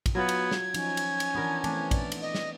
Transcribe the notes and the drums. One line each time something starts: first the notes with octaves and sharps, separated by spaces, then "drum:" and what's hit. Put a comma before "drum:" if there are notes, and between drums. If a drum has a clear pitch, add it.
drum: kick, cymbal
F#3 B3 F4 G#6
drum: cymbal
drum: snare
F3 C#4 D#4, drum: cymbal
drum: cymbal
drum: cymbal
E3 B3 D4 A#4
E3 A3 C4 D4, drum: cymbal
D5, drum: kick, cymbal
drum: cymbal
D#5
drum: snare